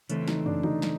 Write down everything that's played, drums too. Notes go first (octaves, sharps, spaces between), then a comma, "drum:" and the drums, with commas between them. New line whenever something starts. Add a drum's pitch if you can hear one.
C#3 E3 A3 C4, drum: hi-hat
D#4, drum: snare
D4, drum: tom
D#4, drum: tom
drum: snare